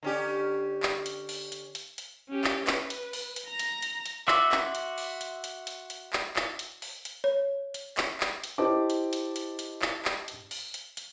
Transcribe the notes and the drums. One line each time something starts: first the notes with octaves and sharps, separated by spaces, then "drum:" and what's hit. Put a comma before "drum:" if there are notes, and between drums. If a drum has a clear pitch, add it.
D3 C#4 G4
drum: clap
drum: hi-hat
drum: open hi-hat
drum: hi-hat
drum: hi-hat
drum: hi-hat
C#4 G4
drum: clap
B4, drum: clap
drum: hi-hat
drum: open hi-hat
drum: hi-hat
A#5 A#6
drum: hi-hat
drum: hi-hat
drum: hi-hat
F#4 E5 C6 D6 E6, drum: clap
drum: clap
drum: hi-hat
drum: open hi-hat
drum: hi-hat
drum: hi-hat
drum: hi-hat
drum: hi-hat
drum: clap
drum: clap
drum: hi-hat
drum: open hi-hat
drum: hi-hat
C#5
drum: hi-hat
drum: clap
drum: clap
drum: hi-hat
E4 G4 C5 D#5 A5 D6
drum: hi-hat
drum: hi-hat
drum: hi-hat
drum: hi-hat
drum: clap
drum: clap
drum: hi-hat
drum: open hi-hat
drum: hi-hat
drum: hi-hat